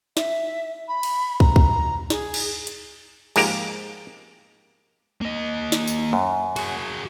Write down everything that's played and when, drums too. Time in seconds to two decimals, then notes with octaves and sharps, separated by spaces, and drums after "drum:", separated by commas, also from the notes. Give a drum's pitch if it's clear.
0.17 E5, drum: snare
0.88 B5
1.03 drum: cymbal
1.40 A#5, drum: kick
1.56 drum: kick
2.10 G#4, drum: snare
2.34 drum: cymbal
2.67 drum: hi-hat
3.36 G#2 F3 G#3 A#3 G4 A#5, drum: cymbal
5.22 A#3 D#5
5.72 drum: snare
5.87 drum: tambourine
6.13 F#2
6.56 F#4 G#4, drum: cymbal